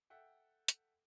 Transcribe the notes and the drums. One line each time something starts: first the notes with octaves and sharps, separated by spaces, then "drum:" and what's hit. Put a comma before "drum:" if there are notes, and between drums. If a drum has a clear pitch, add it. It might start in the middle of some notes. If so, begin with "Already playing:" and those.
A4 E5 F#5 G5
drum: hi-hat